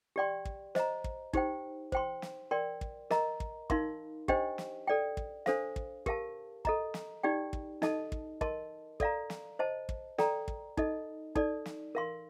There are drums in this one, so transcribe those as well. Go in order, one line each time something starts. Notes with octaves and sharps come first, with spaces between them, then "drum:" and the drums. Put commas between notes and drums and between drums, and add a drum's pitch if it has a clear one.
G4 D5 G5 C6
drum: kick
C5 D#5 A#5, drum: snare
drum: kick
D#4 G4 C5 G5, drum: kick
C5 G5 C6, drum: kick
drum: snare
A#4 D5 G5 C6
drum: kick
A#4 D#5 A#5, drum: snare
drum: kick
D#4 A#4 F5 C6, drum: kick
D4 G4 C5 D#5 G5, drum: kick
drum: snare
A4 D5 G5
drum: kick
D4 A4 C5 F5, drum: snare
drum: kick
G4 A#4 F5 A5, drum: kick
A4 D#5 A#5, drum: kick
drum: snare
D#4 G4 D5 G5
drum: kick
D#4 A4 D#5 A5, drum: snare
drum: kick
A#4 D#5 A5 C6, drum: kick
A4 D5 F5 A#5, drum: kick
drum: snare
C5 D#5 A5
drum: kick
A4 D5 G5 A#5, drum: snare
drum: kick
D#4 A4 D#5, drum: kick
D#4 A4 D5, drum: kick
drum: snare
A#4 F5 C6